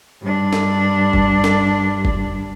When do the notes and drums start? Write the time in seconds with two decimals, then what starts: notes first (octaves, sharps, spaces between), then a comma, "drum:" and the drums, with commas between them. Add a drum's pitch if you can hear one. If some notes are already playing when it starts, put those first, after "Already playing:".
0.22 G2 D4
0.53 drum: snare
1.13 drum: kick F#1
1.44 drum: snare
2.05 drum: kick F#1